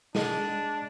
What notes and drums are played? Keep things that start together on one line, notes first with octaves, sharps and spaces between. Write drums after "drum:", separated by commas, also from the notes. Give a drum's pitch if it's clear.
G#3 D4 F#5, drum: snare